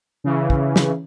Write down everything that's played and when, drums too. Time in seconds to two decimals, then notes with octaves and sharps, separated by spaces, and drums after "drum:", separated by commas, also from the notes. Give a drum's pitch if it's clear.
0.24 C#3 E3
0.50 drum: kick
0.76 drum: snare